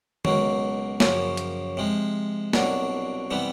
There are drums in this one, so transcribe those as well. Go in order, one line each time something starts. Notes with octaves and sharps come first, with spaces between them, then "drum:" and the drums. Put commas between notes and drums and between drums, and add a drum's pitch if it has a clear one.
C#2 B2 F#3 A#3, drum: tom D#3
F#2 C#3 F3 A#3, drum: snare
drum: hi-hat
C3 F3 G#3
C2 B2 F#3 A#3 D4, drum: snare
C3 E3 G3 B3